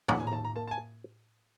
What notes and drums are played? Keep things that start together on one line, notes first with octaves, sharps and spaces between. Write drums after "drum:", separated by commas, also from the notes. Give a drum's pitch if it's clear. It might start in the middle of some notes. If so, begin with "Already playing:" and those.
D#2 F#5, drum: tom A2
G#5
A#5
D#2 A5
A#5
A#3 A5
A5
G#5